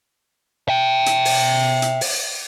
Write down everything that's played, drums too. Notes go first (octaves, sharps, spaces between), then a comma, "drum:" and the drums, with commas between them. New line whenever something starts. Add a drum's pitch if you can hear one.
E5 G5
drum: hi-hat
drum: open hi-hat
drum: hi-hat
drum: open hi-hat